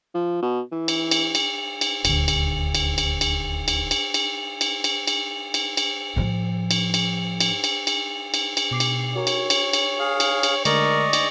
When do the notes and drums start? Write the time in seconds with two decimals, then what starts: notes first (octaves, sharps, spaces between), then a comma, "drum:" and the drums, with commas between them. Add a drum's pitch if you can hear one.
0.14 F3
0.43 B2
0.72 E3
0.88 drum: cymbal
1.11 drum: cymbal
1.35 drum: cymbal
1.81 drum: cymbal
2.05 D#1 D2, drum: cymbal
2.28 drum: cymbal
2.75 drum: cymbal
2.98 drum: cymbal
3.21 drum: cymbal
3.68 drum: cymbal
3.91 drum: cymbal
4.14 drum: cymbal
4.61 drum: cymbal
4.84 drum: cymbal
5.07 drum: cymbal
5.54 drum: cymbal
5.77 drum: cymbal
6.16 A2 F3
6.71 drum: cymbal
6.94 drum: cymbal
7.40 drum: cymbal
7.64 drum: cymbal
7.87 drum: cymbal
8.34 drum: cymbal
8.57 drum: cymbal
8.71 B2 D6 C7
8.80 drum: cymbal
9.16 F#4 A#4 C#5
9.27 drum: cymbal
9.50 drum: cymbal
9.73 drum: cymbal
9.99 G#4 F5
10.20 drum: cymbal
10.43 drum: cymbal
10.65 D3 G#3 A3 A#4 D5 D#5 C#6, drum: cymbal
11.13 drum: cymbal